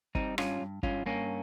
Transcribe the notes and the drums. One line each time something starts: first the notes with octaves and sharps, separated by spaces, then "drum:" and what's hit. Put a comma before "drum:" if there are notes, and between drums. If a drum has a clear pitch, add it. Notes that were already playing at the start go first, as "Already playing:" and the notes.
G3 C4 D#4, drum: kick
G2 C#4 F4, drum: rim click
G2
G2 C#4 F4, drum: kick
G2 A#3 C#4